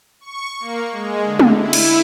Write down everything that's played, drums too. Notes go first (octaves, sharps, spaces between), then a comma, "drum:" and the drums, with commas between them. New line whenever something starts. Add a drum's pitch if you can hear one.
C#6
A#3
G#3
D3
drum: tom
E4
drum: cymbal